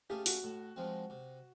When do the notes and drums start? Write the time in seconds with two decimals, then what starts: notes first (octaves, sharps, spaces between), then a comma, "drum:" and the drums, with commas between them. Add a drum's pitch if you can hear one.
0.10 A3 C#4 F4 G4 G#4
0.26 F#4, drum: open hi-hat
0.43 A2
0.76 F3 G#3 C4
1.10 C3